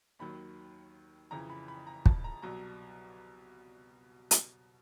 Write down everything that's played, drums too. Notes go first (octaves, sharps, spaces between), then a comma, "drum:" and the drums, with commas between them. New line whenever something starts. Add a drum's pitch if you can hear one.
D#2 D#3 F#3 B5
F2 C#3 E3 A#5
B5
B5
A#5
A5, drum: kick
A#5
C2 B2 F#3 A#5
drum: hi-hat